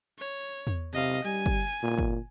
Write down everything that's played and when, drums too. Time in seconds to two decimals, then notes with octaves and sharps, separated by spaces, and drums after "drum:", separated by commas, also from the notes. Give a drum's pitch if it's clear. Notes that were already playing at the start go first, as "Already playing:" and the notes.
0.18 C#5
0.67 drum: tom E2
0.93 C3 D#5 F5
1.24 G3 G#5
1.46 drum: kick
1.83 A#2
1.98 drum: kick